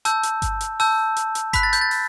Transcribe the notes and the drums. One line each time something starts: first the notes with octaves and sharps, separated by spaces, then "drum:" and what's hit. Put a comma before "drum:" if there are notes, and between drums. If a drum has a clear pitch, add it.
A5 E6 G6, drum: hi-hat
drum: hi-hat
drum: kick G1, hi-hat
drum: hi-hat
A5 E6 G6, drum: open hi-hat
drum: hi-hat
drum: hi-hat
B5 F#6 B6, drum: kick G1, hi-hat
A6
G6, drum: hi-hat
A6
drum: open hi-hat